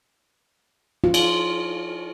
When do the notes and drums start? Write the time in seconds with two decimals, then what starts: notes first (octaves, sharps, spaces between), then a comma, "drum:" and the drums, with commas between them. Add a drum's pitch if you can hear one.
1.04 F4
1.14 drum: cymbal